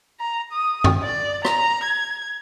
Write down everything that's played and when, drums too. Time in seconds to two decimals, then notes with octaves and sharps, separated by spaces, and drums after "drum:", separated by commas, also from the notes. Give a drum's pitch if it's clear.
0.20 A#5
0.52 D#6
0.84 drum: tom F#2
1.02 D5
1.45 A#5, drum: rim click
1.84 G#6